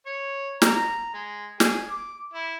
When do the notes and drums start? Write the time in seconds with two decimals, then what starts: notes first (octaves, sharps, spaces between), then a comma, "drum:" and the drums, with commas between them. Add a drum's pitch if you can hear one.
0.06 C#5
0.62 A#5, drum: snare
1.14 G#3
1.60 G#4, drum: snare
1.90 D6
2.33 E4